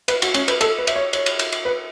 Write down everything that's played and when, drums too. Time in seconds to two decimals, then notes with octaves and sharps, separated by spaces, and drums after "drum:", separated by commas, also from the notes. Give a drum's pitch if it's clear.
0.08 B4, drum: cymbal
0.22 F#4, drum: cymbal
0.34 C#4, drum: cymbal
0.48 B4, drum: cymbal
0.61 A4, drum: cymbal
0.78 B4
0.87 E5, drum: cymbal
0.96 C#5
1.13 C#5, drum: cymbal
1.26 drum: cymbal
1.39 drum: cymbal
1.52 drum: cymbal
1.65 B4